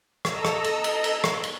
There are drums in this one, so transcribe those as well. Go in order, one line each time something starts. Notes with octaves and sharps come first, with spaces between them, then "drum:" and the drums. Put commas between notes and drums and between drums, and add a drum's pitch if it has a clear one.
A4 D#5 A#5 E6, drum: rim click
drum: rim click
drum: cymbal
drum: cymbal
drum: cymbal
drum: rim click
drum: cymbal